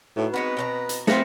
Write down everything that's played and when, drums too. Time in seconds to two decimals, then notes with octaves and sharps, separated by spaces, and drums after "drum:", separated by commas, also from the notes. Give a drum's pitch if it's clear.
0.17 A2 D#4 F#4 B4
0.34 G#3 B3 C4 F#4 B4 D#5
0.57 B2 A4 A#5
0.89 drum: hi-hat
1.07 A3 B3 C4 F4 G#4 G6 A#6 C#7, drum: snare